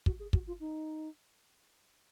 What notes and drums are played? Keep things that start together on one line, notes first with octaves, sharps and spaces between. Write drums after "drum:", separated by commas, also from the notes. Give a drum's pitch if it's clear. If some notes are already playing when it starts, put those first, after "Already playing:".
F#4, drum: kick
G#4
F#4, drum: kick
F4
D#4